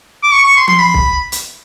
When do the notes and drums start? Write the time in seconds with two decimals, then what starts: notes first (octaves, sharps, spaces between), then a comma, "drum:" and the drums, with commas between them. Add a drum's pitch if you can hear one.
0.23 D6
0.33 C#6
0.44 C#6
0.57 C6
0.68 C6, drum: tom F3
0.79 B5
0.94 drum: kick B1
1.32 drum: hi-hat